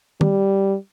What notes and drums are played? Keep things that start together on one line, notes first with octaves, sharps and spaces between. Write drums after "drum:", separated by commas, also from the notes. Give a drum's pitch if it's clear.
G3, drum: tom